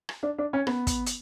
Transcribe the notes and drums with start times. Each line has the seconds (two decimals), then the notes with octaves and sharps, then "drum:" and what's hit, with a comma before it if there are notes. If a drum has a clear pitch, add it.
0.09 drum: rim click
0.23 D4
0.38 D4
0.53 C#4
0.67 B3, drum: rim click
0.87 drum: kick, hi-hat
1.06 drum: hi-hat